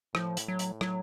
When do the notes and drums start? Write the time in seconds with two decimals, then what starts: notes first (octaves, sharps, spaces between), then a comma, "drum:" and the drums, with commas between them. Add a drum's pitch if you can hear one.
0.15 A2 F3, drum: rim click
0.37 drum: hi-hat
0.48 F#3
0.59 drum: hi-hat
0.81 F#3, drum: rim click